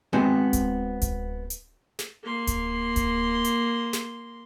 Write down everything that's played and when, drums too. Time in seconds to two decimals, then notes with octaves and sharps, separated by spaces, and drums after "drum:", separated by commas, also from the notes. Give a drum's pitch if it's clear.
0.13 G#3 B3 C4 F#4 C5 G#5
0.53 drum: kick D1, hi-hat
1.02 drum: kick D1, hi-hat
1.50 drum: hi-hat
1.99 drum: snare
2.23 A#3 C6
2.47 drum: kick D1, hi-hat
2.96 drum: kick D1, hi-hat
3.44 drum: hi-hat
3.93 drum: snare